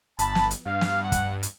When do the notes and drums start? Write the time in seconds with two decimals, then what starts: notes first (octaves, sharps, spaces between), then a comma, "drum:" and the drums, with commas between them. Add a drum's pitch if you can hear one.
0.19 G1 A5 B5, drum: hi-hat
0.35 drum: snare
0.51 drum: hi-hat
0.66 G2 F5
0.81 drum: snare
1.03 F#5
1.12 drum: kick, hi-hat
1.43 drum: hi-hat